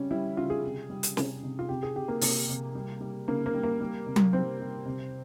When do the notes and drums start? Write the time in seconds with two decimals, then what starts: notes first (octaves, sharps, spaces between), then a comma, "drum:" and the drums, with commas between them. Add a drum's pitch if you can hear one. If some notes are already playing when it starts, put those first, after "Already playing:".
Already playing: C#3 G3 C#4
0.11 G3 E4
0.37 C#3 F4
0.50 G#4
0.64 C3
0.90 G3
1.03 drum: hi-hat
1.17 C3, drum: snare
1.43 C3
1.59 F4
1.69 C3 G4
1.83 G#4
1.96 C3 G4
2.08 A#3
2.21 C3 A#3, drum: open hi-hat
2.49 C3
2.75 G3
3.01 G3
3.28 C#3 A#3
3.46 A#3
3.54 G3
3.63 A#3
3.80 G3
4.06 C3
4.16 drum: tom F#3
4.33 G3 C4
4.60 G3
4.85 C3